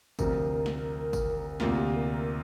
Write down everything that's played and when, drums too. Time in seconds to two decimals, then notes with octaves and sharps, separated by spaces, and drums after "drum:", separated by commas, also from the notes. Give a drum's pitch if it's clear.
0.19 D2 C3 F3 A#4, drum: kick G#1, tambourine
0.66 drum: snare
1.13 drum: kick G#1, tambourine
1.60 D2 C3 A#3 F4 A#4, drum: snare
1.78 G4
1.96 A#4
2.13 A#4